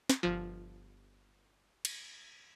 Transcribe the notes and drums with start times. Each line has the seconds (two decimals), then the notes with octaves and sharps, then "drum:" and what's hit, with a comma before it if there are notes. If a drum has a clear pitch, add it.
0.10 drum: snare
0.23 G1 F3
1.85 drum: cymbal